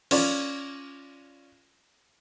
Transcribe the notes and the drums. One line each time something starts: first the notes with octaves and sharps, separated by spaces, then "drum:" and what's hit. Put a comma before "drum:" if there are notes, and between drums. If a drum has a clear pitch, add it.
C#4 F4 D5, drum: cymbal